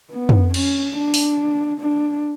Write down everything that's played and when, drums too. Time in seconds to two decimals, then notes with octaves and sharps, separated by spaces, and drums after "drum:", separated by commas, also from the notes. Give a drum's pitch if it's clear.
0.12 B3
0.29 drum: tom
0.54 C#4, drum: cymbal
0.96 D4
1.14 drum: open hi-hat
1.80 D4